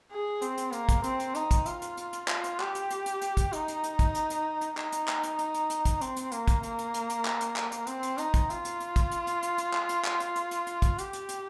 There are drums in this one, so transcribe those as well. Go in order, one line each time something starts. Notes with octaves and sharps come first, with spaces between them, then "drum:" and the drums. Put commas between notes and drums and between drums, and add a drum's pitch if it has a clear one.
G#4
C4, drum: hi-hat
drum: hi-hat
A#3, drum: hi-hat
drum: kick, hi-hat
C4, drum: hi-hat
drum: hi-hat
D#4, drum: hi-hat
drum: kick, hi-hat
F4, drum: hi-hat
drum: hi-hat
drum: hi-hat
drum: hi-hat
F4, drum: clap
drum: hi-hat
G4, drum: clap
drum: hi-hat
drum: hi-hat
drum: hi-hat
drum: hi-hat
drum: kick, hi-hat
D#4, drum: hi-hat
drum: hi-hat
drum: hi-hat
drum: kick, hi-hat
drum: hi-hat
drum: hi-hat
drum: hi-hat
D#4, drum: clap
drum: hi-hat
drum: clap
drum: hi-hat
drum: hi-hat
drum: hi-hat
drum: hi-hat
drum: kick, hi-hat
C4, drum: hi-hat
drum: hi-hat
A#3, drum: hi-hat
drum: kick, hi-hat
A#3, drum: hi-hat
drum: hi-hat
drum: hi-hat
drum: hi-hat
drum: clap
drum: hi-hat
drum: clap
drum: hi-hat
C4, drum: hi-hat
drum: hi-hat
D#4, drum: hi-hat
drum: kick, hi-hat
F4, drum: hi-hat
drum: hi-hat
drum: hi-hat
drum: kick, hi-hat
drum: hi-hat
drum: hi-hat
drum: hi-hat
drum: hi-hat
drum: clap
drum: hi-hat
drum: clap
drum: hi-hat
drum: hi-hat
drum: hi-hat
drum: hi-hat
drum: kick, hi-hat
G4, drum: hi-hat
drum: hi-hat
drum: hi-hat